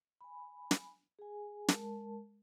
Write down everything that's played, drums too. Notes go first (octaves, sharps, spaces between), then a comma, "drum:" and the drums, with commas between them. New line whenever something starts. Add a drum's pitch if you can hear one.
G#5 B5
drum: snare
G#4 G#5
G#3 A#4 A5, drum: snare